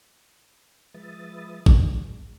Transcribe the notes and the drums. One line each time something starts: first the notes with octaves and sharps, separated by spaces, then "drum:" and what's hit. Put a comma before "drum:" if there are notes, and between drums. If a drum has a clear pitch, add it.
F3 G#3 B4 E5 D#6 A6
G#3, drum: kick A1